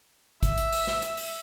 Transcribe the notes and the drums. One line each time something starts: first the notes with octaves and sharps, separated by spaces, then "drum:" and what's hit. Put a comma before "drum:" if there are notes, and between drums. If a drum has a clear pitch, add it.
E5, drum: kick A1, hi-hat
drum: hi-hat
drum: open hi-hat
drum: snare
drum: hi-hat
drum: open hi-hat